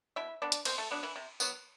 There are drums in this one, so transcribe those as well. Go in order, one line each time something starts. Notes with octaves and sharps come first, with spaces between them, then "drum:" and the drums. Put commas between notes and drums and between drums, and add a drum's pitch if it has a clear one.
B2 E4 E5
G3 B3 D4 D5
drum: hi-hat
B2 C4 C5, drum: cymbal
A3 A4
F#3 B3 D4
E3 E4
C3
F#3 B3, drum: tambourine